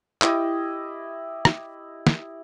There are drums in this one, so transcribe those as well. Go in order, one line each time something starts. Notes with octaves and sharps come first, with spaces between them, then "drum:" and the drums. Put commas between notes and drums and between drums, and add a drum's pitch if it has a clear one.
E4 G4 D#5, drum: clap
drum: rim click
drum: snare